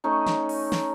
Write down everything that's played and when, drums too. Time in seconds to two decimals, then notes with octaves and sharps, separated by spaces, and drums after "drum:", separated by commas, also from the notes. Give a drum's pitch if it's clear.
0.04 A3 C#4 D#4
0.27 drum: snare
0.49 drum: open hi-hat
0.72 drum: snare